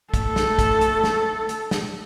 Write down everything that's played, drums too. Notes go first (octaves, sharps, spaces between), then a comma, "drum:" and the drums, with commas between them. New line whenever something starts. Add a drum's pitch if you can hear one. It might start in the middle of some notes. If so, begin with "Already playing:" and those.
A3 A4, drum: kick, hi-hat
drum: snare
drum: kick, hi-hat
drum: hi-hat
drum: snare
drum: hi-hat
drum: snare